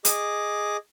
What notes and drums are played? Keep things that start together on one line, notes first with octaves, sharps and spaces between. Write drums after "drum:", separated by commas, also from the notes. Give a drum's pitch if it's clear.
G#4 D#5 D6, drum: hi-hat